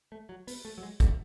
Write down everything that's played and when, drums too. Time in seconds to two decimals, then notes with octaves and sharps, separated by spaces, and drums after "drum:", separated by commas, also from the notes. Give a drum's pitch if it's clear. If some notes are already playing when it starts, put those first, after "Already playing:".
0.12 A3
0.29 F#3
0.47 B3, drum: open hi-hat
0.65 A3
0.78 F#3
0.83 G#3
1.00 A3, drum: kick, hi-hat